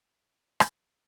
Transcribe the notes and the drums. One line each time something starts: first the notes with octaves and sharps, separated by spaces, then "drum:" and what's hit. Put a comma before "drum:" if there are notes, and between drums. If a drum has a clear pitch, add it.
G3 C#4 E4 G4 B5
drum: rim click
A#5